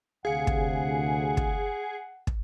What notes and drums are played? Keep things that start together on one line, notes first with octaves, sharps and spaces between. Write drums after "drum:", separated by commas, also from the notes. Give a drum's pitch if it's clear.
D2 C3 G#4 F5 F#5 C#7
drum: kick
drum: kick
drum: kick